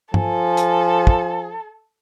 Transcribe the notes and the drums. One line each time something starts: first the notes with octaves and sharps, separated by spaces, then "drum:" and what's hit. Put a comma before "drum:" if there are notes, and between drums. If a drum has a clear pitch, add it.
F3 A4 G#5, drum: tom
drum: hi-hat
drum: kick